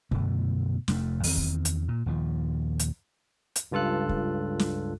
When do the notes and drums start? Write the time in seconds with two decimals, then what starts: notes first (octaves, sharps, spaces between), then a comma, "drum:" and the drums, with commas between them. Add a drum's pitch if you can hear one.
0.11 F#2 B2 D3 A3, drum: kick
0.88 F1 F2 C#3 A3, drum: snare
1.23 E2 D#3 C4, drum: open hi-hat
1.37 drum: kick
1.65 drum: hi-hat
1.88 A#2
2.06 D#1 D#2 F3
2.79 drum: hi-hat
3.56 drum: hi-hat
3.72 C#2 G2 F4 A4 F#6
4.09 drum: kick
4.59 drum: snare